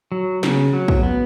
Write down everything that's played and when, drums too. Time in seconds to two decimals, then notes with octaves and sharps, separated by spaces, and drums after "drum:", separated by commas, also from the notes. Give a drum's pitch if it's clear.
0.12 F#3
0.43 C#3, drum: snare
0.73 F#3
0.88 drum: kick
1.03 B3